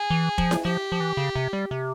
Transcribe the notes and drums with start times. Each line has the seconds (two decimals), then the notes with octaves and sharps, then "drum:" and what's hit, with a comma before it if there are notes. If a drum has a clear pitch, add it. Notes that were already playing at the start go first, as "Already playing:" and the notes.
Already playing: G#4
0.10 E3
0.38 F3, drum: kick F1
0.51 drum: snare E4
0.65 F3 G4
0.92 F3
1.00 E3
1.17 C#3
1.35 C3
1.53 G3
1.71 C3